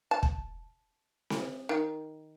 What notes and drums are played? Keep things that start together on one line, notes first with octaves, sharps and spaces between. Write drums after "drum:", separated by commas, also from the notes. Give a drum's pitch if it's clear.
A5
drum: kick
drum: snare C4
D#3